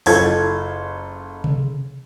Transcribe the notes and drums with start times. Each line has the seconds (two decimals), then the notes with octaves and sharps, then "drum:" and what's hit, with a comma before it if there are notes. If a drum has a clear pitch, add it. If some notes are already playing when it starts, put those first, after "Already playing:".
0.06 F#1 F4 A4 G#6, drum: open hi-hat
1.44 drum: tom C3